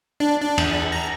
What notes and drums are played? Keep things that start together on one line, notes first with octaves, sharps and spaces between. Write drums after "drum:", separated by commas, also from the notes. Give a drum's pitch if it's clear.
D4
D4
E2, drum: cymbal
A#5